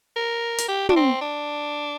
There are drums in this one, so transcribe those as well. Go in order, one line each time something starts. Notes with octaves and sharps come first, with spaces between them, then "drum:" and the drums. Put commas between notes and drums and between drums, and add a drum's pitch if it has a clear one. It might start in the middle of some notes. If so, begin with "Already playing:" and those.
A#4
drum: hi-hat
G4
D4, drum: tom
C4
D4